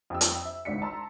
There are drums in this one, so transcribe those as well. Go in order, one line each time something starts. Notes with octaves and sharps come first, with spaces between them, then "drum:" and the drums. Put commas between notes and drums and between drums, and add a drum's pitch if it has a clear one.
F2 G4 E6
drum: hi-hat
E5
G#1 C#2 D4 B6 C#7
A5 A#5 C6 E6